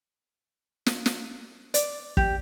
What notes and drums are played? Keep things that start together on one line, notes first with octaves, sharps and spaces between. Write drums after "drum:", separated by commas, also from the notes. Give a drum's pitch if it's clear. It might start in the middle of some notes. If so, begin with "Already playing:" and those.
drum: snare
drum: snare
D5, drum: hi-hat
G4, drum: kick